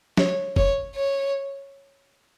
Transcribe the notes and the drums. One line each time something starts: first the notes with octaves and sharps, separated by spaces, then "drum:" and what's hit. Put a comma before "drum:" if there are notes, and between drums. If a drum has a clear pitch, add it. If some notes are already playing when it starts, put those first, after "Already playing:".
C#5, drum: snare
C#5, drum: kick
C#5